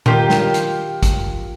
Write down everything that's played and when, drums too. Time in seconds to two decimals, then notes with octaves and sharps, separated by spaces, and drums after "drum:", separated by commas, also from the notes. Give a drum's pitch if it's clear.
0.06 D#3 F4 G4, drum: tom
0.30 drum: snare
0.54 drum: hi-hat
1.03 drum: kick G#1, hi-hat